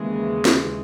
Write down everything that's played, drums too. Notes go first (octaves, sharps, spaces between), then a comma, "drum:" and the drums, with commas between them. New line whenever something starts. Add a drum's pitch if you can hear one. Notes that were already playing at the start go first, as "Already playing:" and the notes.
Already playing: D#2 C#3 E3 G#3
drum: snare